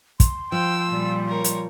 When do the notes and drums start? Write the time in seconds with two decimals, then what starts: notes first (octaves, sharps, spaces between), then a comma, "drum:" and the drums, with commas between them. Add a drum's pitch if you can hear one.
0.20 C6, drum: kick, hi-hat
0.52 F3 G5 E6
0.89 A#2 G3
1.28 A#4 C#5
1.44 drum: hi-hat